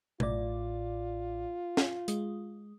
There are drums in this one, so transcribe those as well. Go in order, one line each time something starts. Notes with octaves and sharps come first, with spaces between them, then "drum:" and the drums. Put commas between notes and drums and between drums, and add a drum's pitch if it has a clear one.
A1 A2 F4 D5, drum: tom B2
drum: snare
G#3, drum: hi-hat